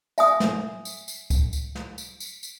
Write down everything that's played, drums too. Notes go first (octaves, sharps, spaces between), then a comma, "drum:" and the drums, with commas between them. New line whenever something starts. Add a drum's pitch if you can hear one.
E5 G#5 D#6, drum: tambourine
drum: snare
drum: tambourine
drum: tambourine
drum: kick C#2, tambourine
drum: tambourine
drum: snare
drum: tambourine
drum: tambourine
drum: tambourine